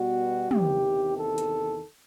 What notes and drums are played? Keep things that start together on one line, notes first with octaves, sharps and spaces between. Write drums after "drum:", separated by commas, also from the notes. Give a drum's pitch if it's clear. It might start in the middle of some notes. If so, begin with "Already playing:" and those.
Already playing: B2 G3 B3 F#4
E2 C3 D#3 G4, drum: tom
A4
drum: hi-hat